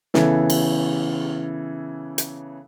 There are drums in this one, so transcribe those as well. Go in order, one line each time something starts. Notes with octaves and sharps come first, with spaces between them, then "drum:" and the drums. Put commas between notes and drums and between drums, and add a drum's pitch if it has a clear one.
C#3 E3 B3 A4, drum: snare
drum: cymbal
drum: hi-hat